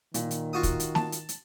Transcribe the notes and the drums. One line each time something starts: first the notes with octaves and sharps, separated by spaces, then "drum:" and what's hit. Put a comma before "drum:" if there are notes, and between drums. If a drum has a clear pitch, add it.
A#2 D#3, drum: hi-hat
drum: hi-hat
F4 F#4 D#6
drum: kick, hi-hat
drum: hi-hat
A5, drum: snare
drum: hi-hat
drum: hi-hat